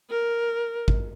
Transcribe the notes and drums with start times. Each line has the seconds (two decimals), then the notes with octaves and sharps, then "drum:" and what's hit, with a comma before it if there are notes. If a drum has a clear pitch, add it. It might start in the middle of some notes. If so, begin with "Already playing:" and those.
0.10 A#4
0.88 drum: kick G#1